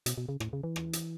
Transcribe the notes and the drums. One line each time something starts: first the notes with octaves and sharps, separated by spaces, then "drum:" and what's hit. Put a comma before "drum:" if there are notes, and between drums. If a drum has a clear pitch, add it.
B2, drum: hi-hat
B2
C#3
A2, drum: rim click
C#3
E3
drum: rim click
drum: hi-hat